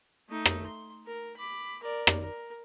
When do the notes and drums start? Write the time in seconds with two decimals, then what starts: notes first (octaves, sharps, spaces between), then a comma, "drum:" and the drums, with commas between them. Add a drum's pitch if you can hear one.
0.29 A3 D#4
0.46 drum: rim click
0.66 C6
1.06 A#4
1.37 B5 D6
1.82 A#4 D5
2.07 drum: rim click
2.21 A#4